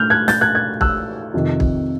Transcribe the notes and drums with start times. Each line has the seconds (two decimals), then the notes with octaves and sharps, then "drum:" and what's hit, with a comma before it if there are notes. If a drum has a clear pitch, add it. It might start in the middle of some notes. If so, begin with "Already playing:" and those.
Already playing: A2 F6 G6
0.10 F#6 G#6
0.28 G6 A6, drum: snare
0.41 F#6 G#6
0.55 F#6 G#6
0.81 E6 F#6, drum: kick
1.34 F2 C3 D#3
1.60 drum: kick